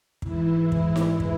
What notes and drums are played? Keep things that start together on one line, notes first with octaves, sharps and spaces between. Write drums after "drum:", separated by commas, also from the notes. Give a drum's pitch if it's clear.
G#2 E3 E4, drum: kick
E4, drum: kick
drum: snare D#4
drum: kick